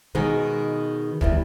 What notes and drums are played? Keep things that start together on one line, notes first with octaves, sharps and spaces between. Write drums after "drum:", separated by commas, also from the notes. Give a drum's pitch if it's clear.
B2 D#3 G#3 D#4 F#4
E2 E3 G3, drum: kick